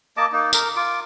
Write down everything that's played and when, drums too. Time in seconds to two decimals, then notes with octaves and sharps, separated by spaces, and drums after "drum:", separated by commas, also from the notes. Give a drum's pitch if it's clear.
0.17 A#3 D#5 A5 D6
0.32 A#3 D#4
0.53 A#4, drum: tambourine
0.76 F4 D6